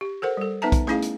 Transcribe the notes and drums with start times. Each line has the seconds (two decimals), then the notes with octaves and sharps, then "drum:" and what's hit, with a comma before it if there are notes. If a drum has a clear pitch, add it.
0.01 G4
0.22 A4 A#4 C5 F#5
0.37 G3 A4
0.62 B3 D#4 B4 E5 A5 A#5
0.72 drum: kick B1, hi-hat
0.87 A3 C#4 E4 G#4 F5, drum: rim click
1.02 drum: hi-hat